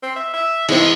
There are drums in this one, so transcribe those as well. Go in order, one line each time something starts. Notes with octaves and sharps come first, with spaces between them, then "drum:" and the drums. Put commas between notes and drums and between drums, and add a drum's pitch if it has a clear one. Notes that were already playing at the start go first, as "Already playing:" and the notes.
C4
E5
E5
E3 G#3 C4, drum: cymbal